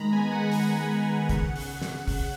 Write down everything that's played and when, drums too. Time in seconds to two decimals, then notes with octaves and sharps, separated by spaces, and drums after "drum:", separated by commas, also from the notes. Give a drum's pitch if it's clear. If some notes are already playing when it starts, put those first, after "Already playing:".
Already playing: D#3 G#3 A#5 B5
0.13 B3 G#5
0.32 D#3 F#5
0.51 B3 F#5, drum: open hi-hat
0.71 D#3
0.91 D#3
1.10 D#3
1.29 C#3 F#5, drum: kick, hi-hat
1.56 drum: open hi-hat
1.82 drum: snare
2.08 drum: kick, open hi-hat